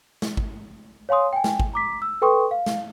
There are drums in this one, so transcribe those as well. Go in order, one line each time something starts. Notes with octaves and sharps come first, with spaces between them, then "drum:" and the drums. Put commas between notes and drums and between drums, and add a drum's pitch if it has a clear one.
drum: snare
drum: kick G#1
C#5 F5 G#5 C6 D#6
G5 G#5
drum: snare
drum: kick G#1
A#5 D6 B6
E6
A4 B4 G5 C6 C#6 D#6
F5
drum: snare